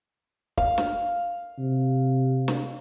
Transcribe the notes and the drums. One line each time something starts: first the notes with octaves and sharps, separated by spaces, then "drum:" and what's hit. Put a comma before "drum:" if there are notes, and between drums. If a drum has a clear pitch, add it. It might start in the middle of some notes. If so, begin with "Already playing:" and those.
F5, drum: kick
drum: snare
C3
drum: snare